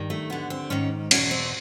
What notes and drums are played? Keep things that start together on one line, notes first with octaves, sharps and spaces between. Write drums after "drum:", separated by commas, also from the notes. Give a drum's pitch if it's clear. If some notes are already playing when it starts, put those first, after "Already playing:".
Already playing: G2 D#3
A3
D#2 D3 B3
C4
G#2 D#3 C#4
E2 B2 C#4, drum: cymbal
C4